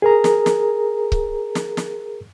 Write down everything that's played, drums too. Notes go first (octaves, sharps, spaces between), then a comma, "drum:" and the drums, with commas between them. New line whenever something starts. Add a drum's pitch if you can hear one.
G#4 A#4 A#5
drum: snare
drum: snare
drum: kick C#1
drum: snare
drum: snare